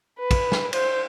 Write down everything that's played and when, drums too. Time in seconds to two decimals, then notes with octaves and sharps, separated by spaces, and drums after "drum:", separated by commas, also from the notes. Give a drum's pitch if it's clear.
0.19 B4
0.31 drum: kick, cymbal
0.52 drum: snare
0.73 C5, drum: cymbal